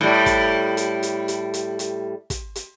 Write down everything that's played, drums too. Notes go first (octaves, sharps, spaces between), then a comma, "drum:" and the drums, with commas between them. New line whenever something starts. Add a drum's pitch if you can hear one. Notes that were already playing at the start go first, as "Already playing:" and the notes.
A2 G3
drum: kick, hi-hat
drum: hi-hat
drum: hi-hat
drum: hi-hat
drum: hi-hat
drum: hi-hat
drum: kick, hi-hat
drum: hi-hat